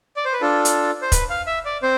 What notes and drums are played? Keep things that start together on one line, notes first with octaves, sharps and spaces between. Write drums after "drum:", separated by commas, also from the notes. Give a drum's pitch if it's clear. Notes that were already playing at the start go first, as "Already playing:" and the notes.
D5
C5
B4
D4 F4 A4
drum: hi-hat
C5
B4, drum: kick, hi-hat
F5
E5
D5
C4 C5